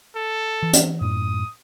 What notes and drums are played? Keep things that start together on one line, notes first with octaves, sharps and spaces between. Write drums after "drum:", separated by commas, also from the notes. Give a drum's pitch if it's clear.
A4
E3
drum: hi-hat
F#2 A2 D#6